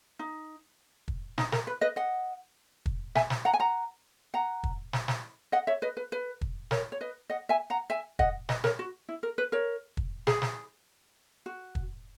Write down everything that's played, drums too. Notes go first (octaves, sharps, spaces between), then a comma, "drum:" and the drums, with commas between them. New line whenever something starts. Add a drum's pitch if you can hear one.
D#4
drum: kick
D#4, drum: snare
A#4, drum: snare
B4
B4 D#5
D#5 F#5
drum: kick
E5 G#5, drum: snare
drum: snare
F#5 A#5
G#5
F#5 A#5
F#5 A#5
drum: kick
drum: snare
drum: snare
D#5 F#5
C#5 E5
B4 D#5
B4
B4
drum: kick
A#4 C#5, drum: snare
C#5
B4 D#5
D#5 F#5
E5 G#5
F#5 A#5
E5 G#5
D#5 F#5, drum: kick
B4 D#5, drum: snare
A#4 C#5, drum: snare
F#4
E4
A#4
B4
A#4 C#5
drum: kick
G#4, drum: snare
drum: snare
F#4
drum: kick